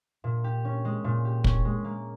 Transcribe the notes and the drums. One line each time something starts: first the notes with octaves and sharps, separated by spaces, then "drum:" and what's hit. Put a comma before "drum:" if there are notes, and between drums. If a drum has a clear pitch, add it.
A#2
G4
C#4
G#3
A#2
G4
C#4, drum: kick
G#3
A#3